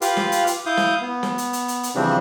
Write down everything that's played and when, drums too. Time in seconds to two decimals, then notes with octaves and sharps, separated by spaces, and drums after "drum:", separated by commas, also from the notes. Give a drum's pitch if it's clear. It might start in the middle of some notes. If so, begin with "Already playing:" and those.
0.02 F4 G4 B4 F5, drum: hi-hat
0.17 drum: snare
0.32 drum: hi-hat
0.47 drum: hi-hat
0.66 E4 F5 D#6 G6
0.77 drum: snare
1.01 B3
1.23 drum: snare
1.38 drum: hi-hat
1.53 drum: hi-hat
1.68 drum: hi-hat
1.83 drum: hi-hat
1.95 C#3 E3 F3 G3 C4 D4